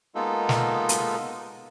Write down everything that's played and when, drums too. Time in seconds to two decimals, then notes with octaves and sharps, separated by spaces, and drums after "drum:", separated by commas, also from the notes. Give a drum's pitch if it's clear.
0.15 G#3 A#3 B3 D#4 F4 A4
0.49 drum: snare
0.89 drum: hi-hat